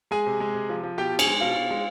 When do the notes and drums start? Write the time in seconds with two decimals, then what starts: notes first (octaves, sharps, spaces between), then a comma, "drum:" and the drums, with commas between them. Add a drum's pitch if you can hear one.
0.11 G#3 G#4 G#5
0.26 C3
0.40 G#3
0.54 C3
0.69 F3
0.83 F3
0.98 B2 G4 G5
1.12 B2
1.19 G#4 G#5, drum: cymbal
1.27 G#3
1.41 B2 F4 F5
1.55 B2
1.71 G#3